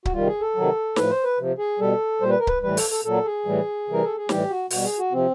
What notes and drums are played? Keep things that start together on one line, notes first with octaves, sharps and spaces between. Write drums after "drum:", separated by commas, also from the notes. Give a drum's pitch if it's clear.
F#4, drum: kick C#1
C3 D#3 G3 F4
G#4
A4
C3 D#3 F#3
A2 F3 B4, drum: snare
C5
B4
C3 F3
G#4
B2 G3 A4
A#2 G3 C5
B4
A#4
B4, drum: kick C#1
A2 E3 G3 B4
A4, drum: open hi-hat
A4
A#2 F#3 A4
G#4
A2 E3 G3
C3 E3 G3 A#4
A4
G#4
A2 E3 G3 G4, drum: snare
F#4
B2 G3 F#4, drum: open hi-hat
G#4
F#4
C3 F3 C4